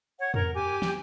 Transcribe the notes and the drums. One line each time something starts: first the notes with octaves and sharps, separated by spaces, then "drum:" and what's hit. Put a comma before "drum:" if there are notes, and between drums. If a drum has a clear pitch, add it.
C#5 F#5
A#4, drum: tom
G4 G#5 D6
drum: snare